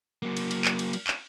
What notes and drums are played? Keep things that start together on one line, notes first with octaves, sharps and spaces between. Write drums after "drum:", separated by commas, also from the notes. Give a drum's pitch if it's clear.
F#3 A#3
drum: cymbal
drum: cymbal
drum: clap
drum: cymbal
drum: cymbal
drum: clap